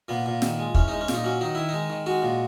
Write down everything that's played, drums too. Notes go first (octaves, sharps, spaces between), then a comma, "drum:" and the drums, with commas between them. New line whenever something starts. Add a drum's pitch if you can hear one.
A#2 B3
A#2
D#3, drum: snare
G#3
E2 C#4, drum: kick
G#3 D#4
C#4
A#2, drum: snare
D#4
F#3 C#4
D#3 D#4
D#3 E4
G#3 D#4
D#3
G#3 F#4
A#2